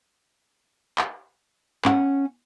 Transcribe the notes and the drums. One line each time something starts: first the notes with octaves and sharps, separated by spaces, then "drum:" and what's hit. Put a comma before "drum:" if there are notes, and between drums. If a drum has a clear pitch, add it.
drum: clap
C#4 F#5, drum: clap